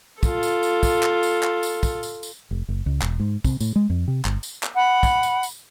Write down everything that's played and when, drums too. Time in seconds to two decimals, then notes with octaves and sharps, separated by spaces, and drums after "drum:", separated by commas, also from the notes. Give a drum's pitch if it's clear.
0.23 F4 A4, drum: kick, tambourine
0.43 drum: tambourine
0.63 drum: tambourine
0.83 drum: kick, tambourine
1.03 drum: clap
1.23 drum: tambourine
1.43 drum: clap
1.63 drum: tambourine
1.83 drum: kick, tambourine
2.03 drum: tambourine
2.23 drum: tambourine
2.51 F1
2.68 F#1
2.86 C#2
3.01 E1, drum: clap
3.20 G#2
3.45 C3, drum: kick, tambourine
3.60 A2, drum: tambourine
3.76 G#3
3.90 F2
4.08 C3
4.25 G1, drum: clap
4.43 drum: tambourine
4.63 drum: clap
4.74 F#5 B5
5.03 drum: kick, tambourine
5.23 drum: tambourine
5.43 drum: tambourine